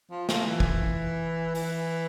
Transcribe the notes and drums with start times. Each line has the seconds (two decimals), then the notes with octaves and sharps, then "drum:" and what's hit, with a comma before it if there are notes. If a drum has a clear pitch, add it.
0.11 F3
0.29 F3, drum: snare
0.46 E3
0.60 drum: kick
1.55 E3, drum: open hi-hat